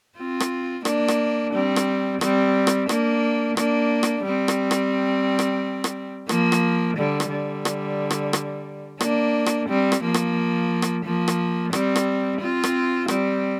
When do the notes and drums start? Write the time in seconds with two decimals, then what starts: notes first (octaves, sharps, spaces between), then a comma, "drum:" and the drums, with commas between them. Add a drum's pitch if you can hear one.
0.18 C4 F4
0.40 drum: rim click
0.85 A#3 D4, drum: rim click
1.08 drum: rim click
1.53 G3 C4
1.76 drum: rim click
2.21 G3 C4, drum: rim click
2.67 drum: rim click
2.89 A#3 D4, drum: rim click
3.57 A#3 D4, drum: rim click
4.03 drum: rim click
4.25 G3 C4
4.48 drum: rim click
4.71 drum: rim click
5.39 drum: rim click
5.84 drum: rim click
6.29 F3 A#3, drum: rim click
6.52 drum: rim click
6.97 D3 G3
7.20 drum: rim click
7.31 D3 G3
7.65 drum: rim click
8.11 drum: rim click
8.33 drum: rim click
9.01 A#3 D4, drum: rim click
9.46 drum: rim click
9.69 G3 C4
9.92 drum: rim click
10.03 F3 A#3
10.14 drum: rim click
10.82 drum: rim click
11.05 F3 A#3
11.28 drum: rim click
11.73 G3 C4, drum: rim click
11.96 drum: rim click
12.41 C4 F4
12.64 drum: rim click
13.08 G3 C4, drum: rim click